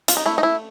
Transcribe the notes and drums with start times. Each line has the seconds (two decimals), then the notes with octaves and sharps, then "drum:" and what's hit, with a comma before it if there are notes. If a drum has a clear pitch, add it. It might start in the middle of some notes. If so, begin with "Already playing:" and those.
0.08 F4, drum: hi-hat
0.17 D#4
0.26 A3 E4
0.38 D#4
0.43 E4